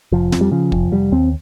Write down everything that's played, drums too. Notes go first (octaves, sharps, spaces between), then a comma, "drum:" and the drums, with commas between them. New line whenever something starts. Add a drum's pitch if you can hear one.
F1 F3
F2, drum: snare
G3
C#3 F3
F1, drum: kick
F1 G3
D#2 C4